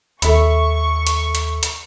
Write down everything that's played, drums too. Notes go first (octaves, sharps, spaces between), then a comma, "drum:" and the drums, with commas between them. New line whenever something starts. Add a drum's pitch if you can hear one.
D#2 A4 E5 B5 C#6, drum: hi-hat
drum: hi-hat
drum: hi-hat
drum: hi-hat